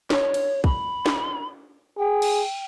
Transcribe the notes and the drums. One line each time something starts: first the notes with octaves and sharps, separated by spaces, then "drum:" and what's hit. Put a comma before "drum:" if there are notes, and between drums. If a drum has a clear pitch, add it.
C#5, drum: snare
drum: cymbal
B5, drum: kick
drum: snare
G#4 G5
drum: cymbal